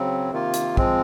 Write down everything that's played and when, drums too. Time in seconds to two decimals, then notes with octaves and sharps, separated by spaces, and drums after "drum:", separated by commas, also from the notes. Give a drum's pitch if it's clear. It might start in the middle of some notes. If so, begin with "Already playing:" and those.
Already playing: C#3 F#3 C4
0.30 C3 D#3 A#3 F4
0.54 drum: hi-hat
0.77 F3 G#3 C4, drum: kick